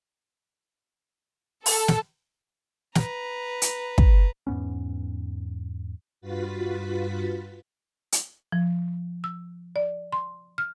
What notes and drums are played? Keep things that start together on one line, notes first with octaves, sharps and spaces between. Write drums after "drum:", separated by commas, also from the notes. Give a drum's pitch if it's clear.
A4, drum: open hi-hat
drum: snare
B4 A#5, drum: snare
drum: hi-hat
drum: kick
E2 G#2 B3 C#4
G2 F4 F#4 B4 A6 B6
drum: hi-hat
F3
E6
D5
C6
F6